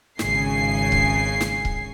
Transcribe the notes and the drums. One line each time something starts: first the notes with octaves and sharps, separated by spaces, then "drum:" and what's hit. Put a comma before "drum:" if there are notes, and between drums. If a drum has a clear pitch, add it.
G#1 C#3 G#5 C7, drum: snare
drum: kick C#1
drum: snare
drum: kick C#1